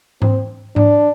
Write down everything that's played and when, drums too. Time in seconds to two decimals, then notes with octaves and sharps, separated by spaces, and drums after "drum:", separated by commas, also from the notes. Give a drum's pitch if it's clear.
0.22 C4, drum: tom G#2
0.76 D4, drum: tom G#2